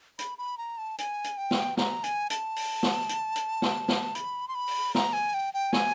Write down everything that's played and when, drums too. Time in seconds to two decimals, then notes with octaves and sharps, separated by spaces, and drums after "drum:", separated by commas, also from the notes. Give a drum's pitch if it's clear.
0.19 B5, drum: hi-hat
0.38 B5
0.58 A#5
0.78 A5
0.98 G#5, drum: hi-hat
1.24 drum: hi-hat
1.38 G5
1.51 drum: snare
1.77 A#5, drum: snare
2.04 G#5, drum: hi-hat
2.30 A5, drum: hi-hat
2.56 drum: open hi-hat
2.83 drum: snare
3.09 drum: hi-hat
3.36 drum: hi-hat
3.62 drum: snare
3.88 drum: snare
4.15 B5, drum: hi-hat
4.48 C6
4.55 B5
4.68 drum: open hi-hat
4.95 A#5, drum: snare
5.13 G#5
5.34 G5
5.54 G5
5.73 G#5, drum: snare